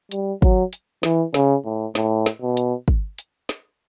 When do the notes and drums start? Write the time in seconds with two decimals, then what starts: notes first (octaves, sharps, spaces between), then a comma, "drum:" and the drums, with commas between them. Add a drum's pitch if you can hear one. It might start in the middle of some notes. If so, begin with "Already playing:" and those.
0.11 G3, drum: hi-hat
0.42 F#3, drum: kick
0.73 drum: hi-hat
1.03 E3, drum: snare
1.34 C#3, drum: snare
1.65 A2
1.95 A2, drum: snare
2.26 drum: snare
2.41 B2
2.57 drum: hi-hat
2.88 drum: kick
3.18 drum: hi-hat
3.49 drum: snare